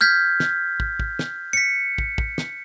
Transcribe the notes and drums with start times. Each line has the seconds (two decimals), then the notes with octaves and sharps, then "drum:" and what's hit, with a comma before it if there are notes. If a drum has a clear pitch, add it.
0.01 F6 G6 G#6 B6
0.40 drum: snare
0.80 drum: kick
1.00 drum: kick
1.19 drum: snare
1.53 B6 C#7
1.98 drum: kick
2.18 drum: kick
2.38 drum: snare